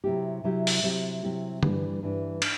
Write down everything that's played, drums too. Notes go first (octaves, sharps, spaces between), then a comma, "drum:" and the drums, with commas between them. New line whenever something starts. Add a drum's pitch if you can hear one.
C3 F#3 C4 E4 G4
C3 F#3 C4 E4 G4
drum: open hi-hat
C3 F#3 C4 E4 G4
C3 F#3 C4 E4 G4
G2 E3 G3 D4, drum: tom D3
G2 E3 G3 D4
D4, drum: cymbal